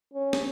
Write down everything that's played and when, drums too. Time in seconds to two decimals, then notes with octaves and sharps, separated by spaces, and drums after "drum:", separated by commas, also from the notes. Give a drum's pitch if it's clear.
0.13 C#4
0.33 drum: snare